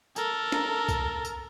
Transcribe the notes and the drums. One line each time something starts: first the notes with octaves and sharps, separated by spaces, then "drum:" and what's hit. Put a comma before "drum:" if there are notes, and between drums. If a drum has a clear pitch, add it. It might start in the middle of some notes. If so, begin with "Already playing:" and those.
A4 A#4, drum: tambourine
drum: snare
drum: kick C2, tambourine
drum: tambourine